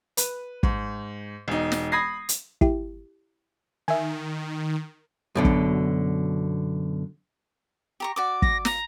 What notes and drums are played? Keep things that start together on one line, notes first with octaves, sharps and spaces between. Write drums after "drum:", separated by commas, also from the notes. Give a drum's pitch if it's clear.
B4, drum: hi-hat
G#2, drum: kick
E1 D#4
drum: snare
B5 D#6 G#6 A#6 C7
drum: hi-hat
E4 G4, drum: kick
D#3 E5 G#5
F#2 B2 D3
drum: kick
G4 A#5 C#6
F#4 D5 D6
A#6, drum: kick
A#5, drum: snare